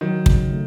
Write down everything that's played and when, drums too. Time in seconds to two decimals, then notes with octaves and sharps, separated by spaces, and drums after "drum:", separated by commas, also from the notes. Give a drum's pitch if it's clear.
0.01 D#3 F#3
0.26 C#3, drum: kick
0.52 A3